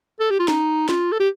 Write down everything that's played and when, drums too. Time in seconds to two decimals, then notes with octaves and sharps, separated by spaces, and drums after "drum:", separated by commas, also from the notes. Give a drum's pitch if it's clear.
0.20 A4
0.30 G4
0.39 F4
0.48 D#4, drum: snare
0.89 F4, drum: snare
1.12 A4
1.20 G4